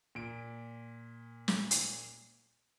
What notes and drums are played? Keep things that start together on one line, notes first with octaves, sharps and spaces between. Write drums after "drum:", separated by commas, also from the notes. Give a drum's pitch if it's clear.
A#2 D7
drum: snare
drum: hi-hat